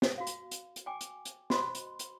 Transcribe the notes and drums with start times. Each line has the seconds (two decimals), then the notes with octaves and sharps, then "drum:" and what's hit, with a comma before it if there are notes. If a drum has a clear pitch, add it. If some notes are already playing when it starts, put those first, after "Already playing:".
0.02 drum: snare
0.18 F#4 F5
0.27 drum: hi-hat
0.51 drum: hi-hat
0.76 drum: hi-hat
0.86 G5 G#5 D6
1.01 drum: hi-hat
1.25 drum: hi-hat
1.50 F#4 C5 D#5 B5 C6, drum: snare
1.75 drum: hi-hat
1.99 drum: hi-hat